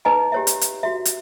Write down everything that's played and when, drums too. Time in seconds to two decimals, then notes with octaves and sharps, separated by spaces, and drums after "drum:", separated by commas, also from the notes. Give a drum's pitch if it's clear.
0.05 D#4 B4 D#5 G#5 A#5
0.32 G4 C#5 E5
0.47 drum: hi-hat
0.61 drum: hi-hat
0.83 F#4 E5
1.05 drum: hi-hat